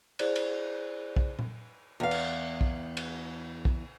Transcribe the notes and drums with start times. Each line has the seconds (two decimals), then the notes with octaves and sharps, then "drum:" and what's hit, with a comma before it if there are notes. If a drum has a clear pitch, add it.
0.19 E4 G#4 C5 D5 F#6, drum: cymbal
0.36 drum: cymbal
1.16 drum: kick B1
1.39 drum: tom A#2
2.00 E2 F5
2.11 drum: cymbal
2.61 drum: kick B1
2.97 drum: cymbal
3.65 drum: kick B1